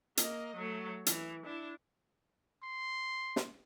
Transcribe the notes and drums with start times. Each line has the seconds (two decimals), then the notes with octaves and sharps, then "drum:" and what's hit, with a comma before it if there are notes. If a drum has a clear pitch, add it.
0.17 A#3 D#5, drum: hi-hat
0.56 F#3 A3
1.06 E3, drum: hi-hat
1.45 D4 E4
2.63 C6
3.36 drum: snare